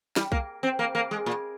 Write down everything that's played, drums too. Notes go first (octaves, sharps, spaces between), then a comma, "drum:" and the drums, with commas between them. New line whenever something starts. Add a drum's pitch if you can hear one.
G3, drum: snare
A#3, drum: kick
C4
A#3
A#3
G#3
A#2